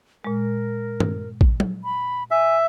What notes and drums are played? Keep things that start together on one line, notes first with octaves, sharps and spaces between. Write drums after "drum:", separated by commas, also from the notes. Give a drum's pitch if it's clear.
A#2 G#3 A#4
drum: tom
drum: kick
drum: tom F#3
B5
E5 G#5